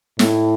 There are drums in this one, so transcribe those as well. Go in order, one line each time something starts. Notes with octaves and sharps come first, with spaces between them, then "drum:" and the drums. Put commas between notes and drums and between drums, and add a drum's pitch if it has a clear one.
A2, drum: snare